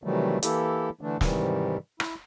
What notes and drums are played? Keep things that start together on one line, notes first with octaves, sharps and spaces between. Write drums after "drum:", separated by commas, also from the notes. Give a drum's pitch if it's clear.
C3 D#3 E3 F#3 G3 A3
E3 A#3 E4 G4 A4, drum: hi-hat
D3 E3 A3 D4
G#2 C3 D#3 E3 G3, drum: snare
E4, drum: rim click